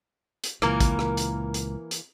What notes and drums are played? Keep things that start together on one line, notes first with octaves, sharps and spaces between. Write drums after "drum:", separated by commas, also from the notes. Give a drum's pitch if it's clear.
drum: hi-hat
C#2 A#2 E3 A#3 A#4, drum: rim click
drum: kick A1, hi-hat
drum: rim click
drum: hi-hat
drum: hi-hat
drum: hi-hat